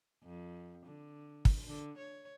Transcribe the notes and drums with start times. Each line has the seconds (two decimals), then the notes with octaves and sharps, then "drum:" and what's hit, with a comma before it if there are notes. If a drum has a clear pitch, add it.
0.24 F2
0.86 D3
1.45 drum: kick
1.68 D3
1.98 C#5